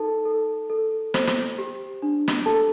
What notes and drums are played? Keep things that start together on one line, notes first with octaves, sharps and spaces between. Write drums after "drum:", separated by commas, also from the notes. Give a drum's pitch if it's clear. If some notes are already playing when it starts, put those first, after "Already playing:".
Already playing: D#4 A4 A5
A4
A4
C5, drum: snare
drum: snare
G4
D4
drum: snare
G4 A4 A5